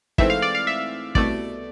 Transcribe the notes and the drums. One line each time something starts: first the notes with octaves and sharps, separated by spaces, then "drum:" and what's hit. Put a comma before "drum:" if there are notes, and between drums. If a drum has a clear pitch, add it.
G#2 E3 A3 C4 E5, drum: kick
F5
D5
F5
E5
C2 B2 A3 D5, drum: kick